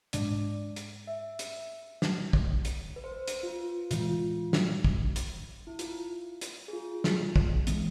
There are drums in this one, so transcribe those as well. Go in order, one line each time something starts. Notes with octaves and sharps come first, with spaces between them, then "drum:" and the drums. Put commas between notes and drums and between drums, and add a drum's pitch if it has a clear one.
G#2 G#3 D4 D5, drum: hi-hat
drum: hi-hat
E5
drum: hi-hat
drum: snare
drum: kick
drum: hi-hat
B4
C5
B4
drum: hi-hat
F4
A2 E3 G#3 F4, drum: hi-hat
drum: snare
drum: kick
drum: hi-hat
E4
F4, drum: hi-hat
drum: hi-hat
G#4
F4
drum: snare
drum: kick
E3 G#3 B3, drum: hi-hat